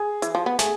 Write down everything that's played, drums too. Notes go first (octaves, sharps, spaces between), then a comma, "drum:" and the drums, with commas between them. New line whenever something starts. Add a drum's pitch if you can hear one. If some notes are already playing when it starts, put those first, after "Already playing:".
Already playing: G#4
E3, drum: hi-hat
F3
B3
A3 G#4, drum: snare